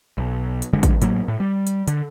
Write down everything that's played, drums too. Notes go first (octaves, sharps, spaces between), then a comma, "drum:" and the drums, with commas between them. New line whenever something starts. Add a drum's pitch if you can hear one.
B1
drum: hi-hat
F#1 D3 G#3
drum: kick A1, hi-hat
A2 F#3 A#3, drum: hi-hat
A2
G3
drum: hi-hat
D3, drum: hi-hat